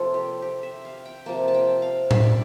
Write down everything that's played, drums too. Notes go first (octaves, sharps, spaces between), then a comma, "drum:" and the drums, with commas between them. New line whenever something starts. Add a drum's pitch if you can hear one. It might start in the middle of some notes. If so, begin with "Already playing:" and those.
Already playing: C3 F3 A#3 E4 F4 A4
G4
G4
E5
F5
G5
C3 F3 A#3 A5
A5
G5
F5
E5, drum: tom A2
D5